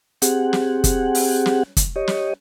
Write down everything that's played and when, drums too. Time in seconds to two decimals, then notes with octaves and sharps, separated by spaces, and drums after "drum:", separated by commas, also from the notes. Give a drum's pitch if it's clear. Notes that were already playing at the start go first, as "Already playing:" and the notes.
0.22 C4 G4 G#4 F#5, drum: hi-hat
0.53 drum: snare
0.84 drum: kick, hi-hat
1.15 drum: open hi-hat
1.46 drum: snare
1.77 drum: kick, hi-hat
1.96 G4 C#5 D#5
2.07 drum: snare